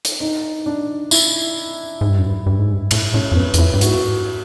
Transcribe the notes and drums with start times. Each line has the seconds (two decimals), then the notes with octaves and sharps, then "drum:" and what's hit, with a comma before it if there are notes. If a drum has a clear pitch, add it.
0.05 drum: hi-hat
0.20 D#4
0.66 D4
1.11 E4, drum: tambourine
2.01 G#2
2.09 G2
2.18 F#2
2.27 G2
2.46 G2
2.59 G#2
2.72 G2
2.91 A2 E4, drum: cymbal
3.14 A2 C#4
3.32 F2
3.36 F#2 B3
3.54 E2, drum: hi-hat
3.58 F2 E4
3.74 G2
3.81 G#2 F#4, drum: hi-hat